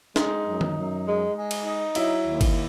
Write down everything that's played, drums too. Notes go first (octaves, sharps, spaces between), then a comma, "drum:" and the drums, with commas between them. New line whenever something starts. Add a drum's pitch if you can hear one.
G#3 D#4, drum: snare
F#2
drum: tom D#3
F#2
G#3
G#3
drum: cymbal
D#4
F#3 E4, drum: cymbal
D#2
drum: kick, cymbal